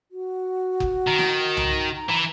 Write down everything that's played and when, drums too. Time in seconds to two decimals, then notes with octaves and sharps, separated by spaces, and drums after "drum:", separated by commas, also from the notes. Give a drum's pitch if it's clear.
0.11 F#4
0.80 drum: kick F#1
1.07 D#3
1.19 drum: snare
1.57 drum: tom C2
1.95 A#5
2.09 E3